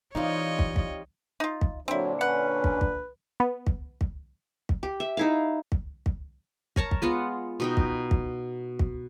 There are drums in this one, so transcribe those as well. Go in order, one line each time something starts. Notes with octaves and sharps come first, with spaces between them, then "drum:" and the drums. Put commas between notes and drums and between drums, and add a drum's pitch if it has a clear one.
E3 G3 C4 D#4 F4 C#5 D#5
drum: kick
drum: kick
D#4 F4
drum: kick
A#2 D3 F#3 C4 D4 E4
C#4 B4 F#5
drum: kick
drum: kick
B3
drum: kick
drum: kick
drum: kick
G4
E5
D#4 E4 F5
drum: kick
drum: kick
A#4 C#5 A5 A#5, drum: kick
drum: kick
G#3 B3 F4 F#5
B2 D#4 G5
drum: kick
drum: kick
drum: kick